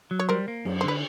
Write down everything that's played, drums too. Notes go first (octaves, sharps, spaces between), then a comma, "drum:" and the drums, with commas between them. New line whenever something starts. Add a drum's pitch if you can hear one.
F#3
C#5
G3 A#4 C5
A#3
F#2, drum: cymbal
C5
D3 B4